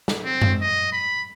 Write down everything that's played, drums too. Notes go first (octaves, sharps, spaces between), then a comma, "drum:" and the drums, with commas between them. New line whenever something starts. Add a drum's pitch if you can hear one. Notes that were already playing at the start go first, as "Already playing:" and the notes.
drum: snare
C4
drum: tom F#2
D#5
B5